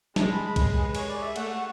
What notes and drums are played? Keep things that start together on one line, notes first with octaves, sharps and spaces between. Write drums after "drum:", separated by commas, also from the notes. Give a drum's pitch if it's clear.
G#3 A5, drum: snare
B5
B5
drum: kick B1, cymbal
B4
C#5, drum: cymbal
D5
E5
A3 F#5, drum: cymbal
F#5